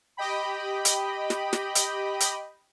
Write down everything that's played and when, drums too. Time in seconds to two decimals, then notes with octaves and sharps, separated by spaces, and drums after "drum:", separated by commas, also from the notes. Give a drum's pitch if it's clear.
0.17 G4 D#5 G5 B5
0.85 drum: hi-hat
1.30 drum: snare
1.53 drum: snare
1.75 drum: hi-hat
2.20 drum: hi-hat